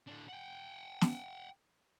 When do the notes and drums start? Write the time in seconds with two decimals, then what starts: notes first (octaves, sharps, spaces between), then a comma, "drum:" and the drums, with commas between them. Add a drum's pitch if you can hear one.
0.07 A2 D4
0.28 F#5 G5
1.01 drum: snare